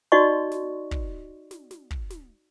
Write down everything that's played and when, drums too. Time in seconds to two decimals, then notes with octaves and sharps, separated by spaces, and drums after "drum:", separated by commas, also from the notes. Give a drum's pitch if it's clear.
0.12 D#4 F#4 D5 D#5 C6 C#6
0.52 drum: snare
0.91 drum: kick
1.51 drum: snare
1.71 drum: snare
1.91 drum: kick
2.10 drum: snare